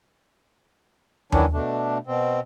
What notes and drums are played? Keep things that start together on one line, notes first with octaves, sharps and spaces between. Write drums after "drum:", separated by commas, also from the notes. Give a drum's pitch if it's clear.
D#3 E3 F#3 C#4 D4, drum: tom D#2
B2 A3 D4
B2 C4